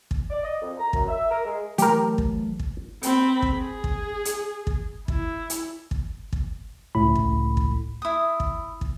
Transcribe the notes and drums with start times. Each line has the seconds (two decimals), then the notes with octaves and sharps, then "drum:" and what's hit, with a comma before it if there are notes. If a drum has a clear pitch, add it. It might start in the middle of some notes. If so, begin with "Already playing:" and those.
0.11 drum: kick
0.30 D5
0.43 D#5
0.61 F2
0.77 A#5
0.93 F#2, drum: kick
1.08 E5
1.29 A#4
1.45 G#3
1.78 E3 F#3 A3 G4 A#4, drum: hi-hat
2.18 drum: kick
2.59 drum: kick
3.03 C4 B5, drum: hi-hat
3.42 drum: kick
3.56 G#4
3.84 drum: kick
4.25 drum: hi-hat
4.67 drum: kick
5.08 E4, drum: kick
5.50 drum: hi-hat
5.91 drum: kick
6.33 drum: kick
6.95 C#2 A2 B5
7.15 drum: kick
7.57 drum: kick
8.02 E4 D#6
8.40 drum: kick
8.81 drum: kick